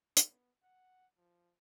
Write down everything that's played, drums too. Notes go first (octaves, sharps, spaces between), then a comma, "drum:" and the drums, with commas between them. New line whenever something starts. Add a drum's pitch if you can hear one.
B3, drum: hi-hat
F#5
F3